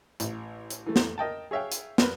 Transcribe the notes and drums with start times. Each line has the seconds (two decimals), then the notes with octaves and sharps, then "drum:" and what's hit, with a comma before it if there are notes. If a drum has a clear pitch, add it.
0.20 A1, drum: hi-hat
0.70 drum: hi-hat
0.86 E3 A3
0.96 drum: snare
1.18 A#4 D#5 G5 A5
1.51 G#4 C#5 E5 F5 G5
1.72 drum: hi-hat
1.98 A#3 A#4 B4, drum: snare